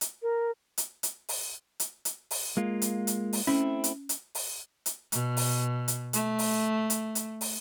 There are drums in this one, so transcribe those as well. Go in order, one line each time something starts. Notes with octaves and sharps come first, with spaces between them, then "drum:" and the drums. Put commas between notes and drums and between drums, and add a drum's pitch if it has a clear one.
drum: hi-hat
A#4
drum: hi-hat
drum: hi-hat
drum: open hi-hat
drum: hi-hat
drum: hi-hat
drum: open hi-hat
G#3 A#3 F4
drum: hi-hat
drum: hi-hat
drum: open hi-hat
A3 C4 C#4 E4
drum: hi-hat
drum: hi-hat
drum: open hi-hat
drum: hi-hat
B2, drum: hi-hat
drum: open hi-hat
drum: hi-hat
A3, drum: hi-hat
drum: open hi-hat
drum: hi-hat
drum: hi-hat
drum: open hi-hat